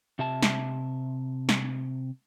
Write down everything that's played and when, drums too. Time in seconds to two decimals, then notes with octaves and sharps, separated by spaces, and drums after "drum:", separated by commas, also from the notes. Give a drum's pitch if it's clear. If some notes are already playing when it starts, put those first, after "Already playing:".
0.19 C3 E5 A5
0.43 drum: snare
1.49 drum: snare